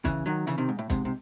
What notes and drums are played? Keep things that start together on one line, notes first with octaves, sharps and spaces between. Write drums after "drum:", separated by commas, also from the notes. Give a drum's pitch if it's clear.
C#3 E3, drum: kick, hi-hat
D#3 F#3
C#3 E3, drum: hi-hat
C3 D#3
G#2
A2
G#2 C3, drum: kick, hi-hat
C3